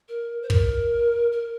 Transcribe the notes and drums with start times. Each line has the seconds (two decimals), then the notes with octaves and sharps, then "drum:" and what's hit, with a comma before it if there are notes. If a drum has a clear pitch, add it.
0.08 A#4
0.42 C5
0.50 A#4, drum: kick
1.32 A#4